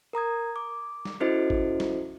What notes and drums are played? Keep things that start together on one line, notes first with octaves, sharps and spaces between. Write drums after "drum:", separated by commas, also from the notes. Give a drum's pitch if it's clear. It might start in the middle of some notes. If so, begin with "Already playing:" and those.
A#4 A#5 D#6 G#6
D6
drum: snare
C#4 E4 F#4 A4 C5 D#5
drum: kick G#1
drum: snare